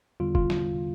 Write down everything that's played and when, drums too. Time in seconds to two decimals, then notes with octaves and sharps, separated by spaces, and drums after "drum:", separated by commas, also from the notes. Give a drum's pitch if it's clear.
0.20 E2 D3 G3 B3 F4
0.35 F4, drum: kick
0.50 drum: snare